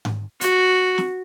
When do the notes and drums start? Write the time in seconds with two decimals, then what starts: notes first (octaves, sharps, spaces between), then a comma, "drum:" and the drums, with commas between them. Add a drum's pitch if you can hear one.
0.05 drum: tom G#2
0.41 F#4, drum: hi-hat
0.98 drum: snare